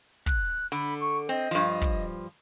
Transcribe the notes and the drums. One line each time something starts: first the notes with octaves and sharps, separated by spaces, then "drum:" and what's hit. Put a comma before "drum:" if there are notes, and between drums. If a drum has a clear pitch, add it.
F#6, drum: kick, hi-hat
D3 B5
C#6
C4 D#5
G2 F3
drum: kick, hi-hat